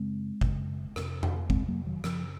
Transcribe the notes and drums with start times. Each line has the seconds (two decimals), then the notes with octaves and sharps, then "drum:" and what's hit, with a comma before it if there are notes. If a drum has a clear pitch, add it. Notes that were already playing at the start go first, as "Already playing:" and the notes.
Already playing: F#2 C#3 G#3 C4
0.41 F#2 C#3, drum: kick G1
0.96 F2 C3, drum: rim click
1.23 drum: tom F2
1.50 F2 C3 G#3 C4, drum: kick G1
1.68 F#3 A#3
1.86 D#3 F#3
2.04 F#2 C#3 F3, drum: rim click